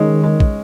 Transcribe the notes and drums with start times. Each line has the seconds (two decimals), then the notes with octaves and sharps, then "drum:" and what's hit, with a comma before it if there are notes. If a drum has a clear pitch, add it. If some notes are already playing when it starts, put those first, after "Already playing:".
Already playing: D#3 G#3 C#4
0.24 G#3
0.40 drum: kick A#1